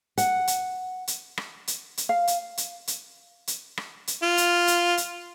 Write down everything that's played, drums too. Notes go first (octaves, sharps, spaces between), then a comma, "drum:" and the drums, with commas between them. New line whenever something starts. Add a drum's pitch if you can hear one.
F#5, drum: hi-hat
drum: hi-hat
drum: hi-hat
drum: rim click
drum: hi-hat
drum: hi-hat
F5
drum: hi-hat
drum: hi-hat
drum: hi-hat
drum: hi-hat
drum: rim click
drum: hi-hat
F4
drum: hi-hat
drum: hi-hat
drum: hi-hat